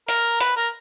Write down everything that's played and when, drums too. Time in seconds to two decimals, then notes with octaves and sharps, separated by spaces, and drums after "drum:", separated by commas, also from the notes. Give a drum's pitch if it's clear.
0.09 A#4, drum: hi-hat
0.40 B4, drum: hi-hat
0.56 A#4